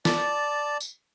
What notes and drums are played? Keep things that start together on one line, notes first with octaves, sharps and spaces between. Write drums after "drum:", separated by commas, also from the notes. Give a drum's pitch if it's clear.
D5 A5, drum: snare
drum: tambourine